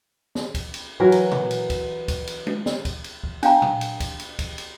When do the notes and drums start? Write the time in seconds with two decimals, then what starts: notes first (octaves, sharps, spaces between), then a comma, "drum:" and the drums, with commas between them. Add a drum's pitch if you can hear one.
0.35 drum: snare
0.55 drum: kick, cymbal
0.74 drum: cymbal
1.00 E3 F#3 A#4
1.12 drum: cymbal
1.31 drum: tom A#2
1.51 drum: cymbal
1.70 drum: kick, cymbal
2.08 drum: kick, cymbal
2.27 drum: cymbal
2.47 drum: tom G#3
2.66 drum: snare
2.85 drum: kick, cymbal
3.04 drum: cymbal
3.23 drum: kick
3.43 D4 F5 G5 A#5, drum: cymbal
3.62 drum: tom A#2
3.81 drum: cymbal
4.00 drum: kick, cymbal
4.20 drum: cymbal
4.39 drum: kick, cymbal
4.58 drum: cymbal